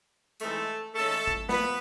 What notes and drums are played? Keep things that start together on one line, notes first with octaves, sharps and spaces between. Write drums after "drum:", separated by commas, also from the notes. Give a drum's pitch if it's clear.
E3 G#3 A3 C4 D#4 A4, drum: hi-hat
D#3 G#3 A3 C#4 A4
drum: kick
F3 B3 B4, drum: snare